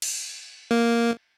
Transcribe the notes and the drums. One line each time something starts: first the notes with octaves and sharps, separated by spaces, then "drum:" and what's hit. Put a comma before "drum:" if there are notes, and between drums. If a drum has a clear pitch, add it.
drum: cymbal
A#3